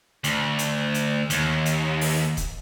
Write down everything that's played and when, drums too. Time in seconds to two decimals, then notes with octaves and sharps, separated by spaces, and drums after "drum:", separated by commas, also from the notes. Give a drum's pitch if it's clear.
0.24 D2, drum: hi-hat
0.59 drum: hi-hat
0.94 drum: hi-hat
1.30 D#2, drum: hi-hat
1.66 drum: hi-hat
2.01 drum: open hi-hat
2.37 drum: kick D#1, hi-hat